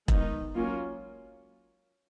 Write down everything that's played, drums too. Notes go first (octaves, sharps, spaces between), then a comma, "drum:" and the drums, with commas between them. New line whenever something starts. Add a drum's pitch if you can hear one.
D#3 G#3 B3 D#4, drum: kick E1
F#3 A#3 C#4 F4